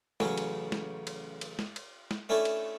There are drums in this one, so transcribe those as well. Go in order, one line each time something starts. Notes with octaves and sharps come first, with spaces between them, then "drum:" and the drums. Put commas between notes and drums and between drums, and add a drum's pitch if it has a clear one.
A1 C#3 F#3 C#4, drum: snare
drum: cymbal
drum: snare
drum: cymbal
drum: cymbal
drum: snare
drum: cymbal
drum: snare
A3 C#4 D4 E4 A4
drum: cymbal